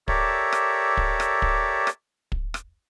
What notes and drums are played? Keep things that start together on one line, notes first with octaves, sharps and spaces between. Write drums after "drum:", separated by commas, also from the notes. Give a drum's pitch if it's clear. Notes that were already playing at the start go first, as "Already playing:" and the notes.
G4 A4 A#4 C#5 D5 E5, drum: kick
drum: rim click
drum: kick
drum: rim click
drum: kick
drum: rim click
drum: kick
drum: rim click